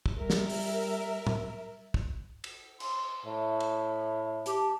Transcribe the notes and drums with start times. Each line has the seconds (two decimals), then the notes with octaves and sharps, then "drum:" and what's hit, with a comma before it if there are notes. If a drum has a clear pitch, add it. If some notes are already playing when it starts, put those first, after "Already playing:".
0.06 drum: kick
0.17 G3 A#4 E5
0.30 drum: snare
0.49 drum: open hi-hat
1.27 drum: tom
1.94 drum: kick
2.44 drum: cymbal
2.80 C6, drum: cymbal
3.26 A2 E5
3.60 drum: cymbal
4.46 G4 A5, drum: hi-hat